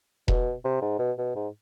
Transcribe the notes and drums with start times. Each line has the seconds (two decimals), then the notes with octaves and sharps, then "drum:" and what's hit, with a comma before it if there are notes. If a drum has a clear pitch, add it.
0.28 B2, drum: kick E1
0.65 C3
0.82 G#2
0.99 B2
1.18 B2
1.35 G#2